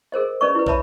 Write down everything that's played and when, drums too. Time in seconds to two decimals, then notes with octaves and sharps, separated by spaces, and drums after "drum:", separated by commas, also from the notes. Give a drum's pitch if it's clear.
0.12 G#4 A#4 C5 D#5
0.41 C#4 B4 D5 D#5 C#6
0.55 E4 B4
0.66 B4 C#5 E5 A5 B5, drum: kick